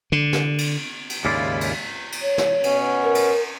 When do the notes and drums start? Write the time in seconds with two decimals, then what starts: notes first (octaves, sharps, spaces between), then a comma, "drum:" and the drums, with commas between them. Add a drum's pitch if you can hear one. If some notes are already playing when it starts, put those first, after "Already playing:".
0.12 D3
0.33 drum: snare
0.58 drum: cymbal
1.10 drum: cymbal
1.25 D#2 G#2 C#3 E4 F4 D5
1.61 drum: cymbal
2.12 drum: cymbal
2.22 C#5
2.38 drum: snare
2.64 B2 B3 C#4, drum: cymbal
3.02 A#4
3.15 drum: cymbal